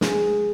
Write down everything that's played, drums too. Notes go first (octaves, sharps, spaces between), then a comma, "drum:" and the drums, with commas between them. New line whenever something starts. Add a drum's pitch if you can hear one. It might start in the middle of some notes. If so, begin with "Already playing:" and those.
G#3, drum: snare